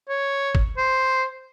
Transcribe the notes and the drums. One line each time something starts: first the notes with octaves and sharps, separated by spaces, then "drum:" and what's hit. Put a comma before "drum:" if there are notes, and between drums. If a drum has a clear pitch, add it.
C#5
drum: kick
C5